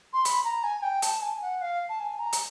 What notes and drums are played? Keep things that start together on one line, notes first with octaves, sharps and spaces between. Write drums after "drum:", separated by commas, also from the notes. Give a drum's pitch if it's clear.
C6
B5, drum: hi-hat
A#5
G#5
G5
A5, drum: hi-hat
G#5
F#5
F5
A5
G#5
A#5
drum: hi-hat